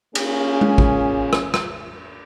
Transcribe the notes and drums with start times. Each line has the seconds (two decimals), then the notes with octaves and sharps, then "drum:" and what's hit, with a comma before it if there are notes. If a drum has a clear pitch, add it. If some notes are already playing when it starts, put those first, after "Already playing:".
0.15 A#3 C#4 F4 G#4, drum: cymbal
0.61 drum: tom G#3
0.78 drum: kick
1.33 drum: rim click
1.54 drum: rim click